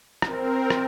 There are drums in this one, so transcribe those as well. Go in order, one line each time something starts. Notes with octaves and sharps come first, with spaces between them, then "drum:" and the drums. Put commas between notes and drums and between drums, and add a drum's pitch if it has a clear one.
C4 A#4, drum: rim click
drum: rim click